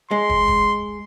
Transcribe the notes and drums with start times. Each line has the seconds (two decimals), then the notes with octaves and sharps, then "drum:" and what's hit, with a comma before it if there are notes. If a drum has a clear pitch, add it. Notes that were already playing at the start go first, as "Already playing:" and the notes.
0.11 G#3 C6
0.30 drum: kick
0.48 drum: kick